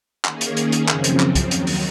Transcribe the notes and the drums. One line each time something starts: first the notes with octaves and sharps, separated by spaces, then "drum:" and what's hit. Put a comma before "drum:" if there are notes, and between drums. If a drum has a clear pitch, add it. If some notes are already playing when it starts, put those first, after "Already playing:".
D#3 A#3 C#4 G#4, drum: clap
drum: hi-hat
drum: hi-hat
drum: hi-hat
F#2 C#3 F3 C4, drum: clap
drum: hi-hat
drum: clap
drum: kick, hi-hat
D#2 D#3 F#3, drum: hi-hat
drum: open hi-hat